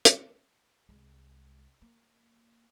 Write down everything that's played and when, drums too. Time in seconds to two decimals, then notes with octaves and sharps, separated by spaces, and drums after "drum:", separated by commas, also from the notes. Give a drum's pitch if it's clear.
0.05 drum: hi-hat
0.89 C2 G#3
1.82 A#3